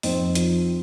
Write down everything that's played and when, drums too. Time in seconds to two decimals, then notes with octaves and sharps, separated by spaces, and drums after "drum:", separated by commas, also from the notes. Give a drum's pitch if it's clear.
0.03 F2 C4 D#4, drum: open hi-hat
0.35 F3, drum: hi-hat